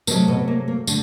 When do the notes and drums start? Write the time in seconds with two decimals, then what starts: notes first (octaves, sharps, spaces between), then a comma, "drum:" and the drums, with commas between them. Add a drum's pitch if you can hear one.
0.07 C3 D#3 F#3 A3 A#3, drum: tambourine
0.28 B2 B3
0.48 A#3
0.68 A#3
0.87 D3 A3, drum: tambourine